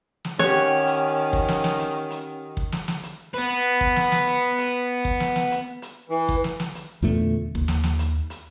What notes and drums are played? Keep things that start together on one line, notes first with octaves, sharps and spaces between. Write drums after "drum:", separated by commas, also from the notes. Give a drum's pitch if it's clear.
drum: snare
D#3 C#4 G4 C#5 F#5, drum: snare
drum: hi-hat
drum: kick
drum: snare
drum: snare
drum: hi-hat
drum: hi-hat
drum: kick
drum: snare
drum: snare
drum: hi-hat
B3 B4, drum: hi-hat
drum: kick
drum: snare
drum: snare
drum: hi-hat
drum: hi-hat
drum: kick
drum: snare
drum: snare
drum: hi-hat
drum: hi-hat
E3
drum: kick
drum: snare
drum: snare
drum: hi-hat
E2 A#2 D3 A3
D#2, drum: kick
drum: snare
drum: snare
drum: hi-hat
drum: hi-hat